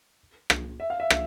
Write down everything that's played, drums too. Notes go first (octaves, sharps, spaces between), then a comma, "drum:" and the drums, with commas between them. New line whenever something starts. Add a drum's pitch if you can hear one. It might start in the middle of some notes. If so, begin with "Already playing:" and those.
drum: rim click
E5
F5
E5
drum: rim click